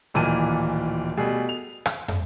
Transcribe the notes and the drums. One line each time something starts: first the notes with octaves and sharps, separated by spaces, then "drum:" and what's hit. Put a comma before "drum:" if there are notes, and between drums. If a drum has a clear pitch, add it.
D1 A#2 D#3 E3 A5 D#7
B2 G3 A3 G#4
F7
drum: rim click
drum: tom